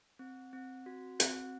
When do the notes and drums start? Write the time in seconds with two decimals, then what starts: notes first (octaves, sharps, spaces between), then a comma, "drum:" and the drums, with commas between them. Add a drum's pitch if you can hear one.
0.19 C4
0.53 C4
0.86 F#4
1.20 C4, drum: hi-hat